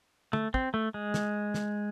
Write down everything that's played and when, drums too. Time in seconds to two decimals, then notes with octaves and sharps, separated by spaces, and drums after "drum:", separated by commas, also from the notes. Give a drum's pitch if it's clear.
0.33 A3, drum: tom
0.54 C4, drum: kick
0.74 A3
0.94 G#3
1.14 drum: snare
1.54 drum: snare